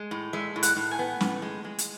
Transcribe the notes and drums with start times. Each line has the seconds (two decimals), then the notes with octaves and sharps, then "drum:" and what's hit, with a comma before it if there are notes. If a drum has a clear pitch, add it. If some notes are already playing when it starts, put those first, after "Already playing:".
Already playing: G#3
0.11 A2
0.33 G#3 E5
0.56 A2
0.63 F#5, drum: hi-hat
0.77 A2
0.91 G#5
0.99 B3
1.21 A2, drum: snare
1.42 G#3
1.64 G#3
1.79 drum: hi-hat